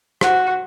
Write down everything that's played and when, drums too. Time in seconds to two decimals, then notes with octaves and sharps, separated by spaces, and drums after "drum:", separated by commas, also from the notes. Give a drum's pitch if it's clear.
0.21 F#4, drum: rim click